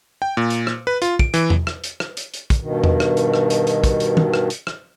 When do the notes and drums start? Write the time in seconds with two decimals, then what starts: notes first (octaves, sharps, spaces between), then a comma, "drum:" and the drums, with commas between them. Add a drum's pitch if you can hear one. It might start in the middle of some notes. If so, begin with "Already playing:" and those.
0.22 G5
0.37 A#2
0.50 drum: hi-hat
0.67 drum: rim click
0.87 B4
1.02 F4, drum: hi-hat
1.19 D7, drum: kick
1.34 E3, drum: hi-hat
1.50 drum: tom E2
1.67 drum: rim click
1.84 drum: hi-hat
2.00 drum: rim click
2.17 drum: hi-hat
2.34 drum: hi-hat
2.50 drum: kick, hi-hat
2.60 G2 B2 D#3
2.84 drum: tom E2
3.00 drum: rim click
3.17 drum: hi-hat
3.34 drum: rim click
3.50 drum: hi-hat
3.67 drum: hi-hat
3.84 drum: kick, hi-hat
4.00 drum: hi-hat
4.17 drum: tom D#3
4.34 drum: rim click
4.50 drum: hi-hat
4.67 drum: rim click